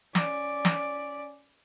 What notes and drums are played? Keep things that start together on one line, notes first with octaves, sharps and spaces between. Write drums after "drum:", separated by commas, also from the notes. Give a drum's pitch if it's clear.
C#4 D5, drum: snare
drum: snare